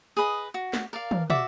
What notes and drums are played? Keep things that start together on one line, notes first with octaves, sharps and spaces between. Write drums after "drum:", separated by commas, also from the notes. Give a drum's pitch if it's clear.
G#4 B4 D#5
F#4
drum: snare
A#4 D5 F5
drum: tom
F#4 D5 E5, drum: tom